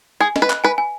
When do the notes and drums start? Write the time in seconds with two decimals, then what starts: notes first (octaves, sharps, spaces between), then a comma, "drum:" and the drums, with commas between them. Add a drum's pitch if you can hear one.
0.20 G#4 G#5
0.36 D#5, drum: snare
0.42 B4
0.50 F#6, drum: clap
0.64 B4 G#5
0.78 G#5